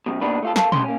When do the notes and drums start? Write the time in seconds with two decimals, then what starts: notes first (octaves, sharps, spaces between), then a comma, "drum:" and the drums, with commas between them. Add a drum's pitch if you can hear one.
0.06 F#2 B2
0.21 B2 A#3 D4 D#4 B4
0.43 A3 F4 A4
0.56 A4 A#4 F5 A5, drum: snare
0.72 G2 A3 C#4 C6, drum: tom
0.84 A#3 C#4